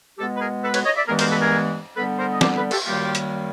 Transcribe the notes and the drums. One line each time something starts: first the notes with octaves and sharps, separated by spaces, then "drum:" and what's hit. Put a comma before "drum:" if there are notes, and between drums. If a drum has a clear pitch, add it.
B2 G#3 B3 G4 A4
B4
G#4 A#4
A4 B4
B4 C#5, drum: cymbal
C#5 D#5
D5 E5
G2 E3 G#3 B3 G#4 A#4
A#4 C5, drum: cymbal
A4 B4
G#4 A#4
D3 G3 B3 A4 B4
A#4 C5
D#5
C5 D5, drum: snare
A4 B4
G4 A4, drum: cymbal
F#2 D#3 G3 A#3 F4 G4
drum: hi-hat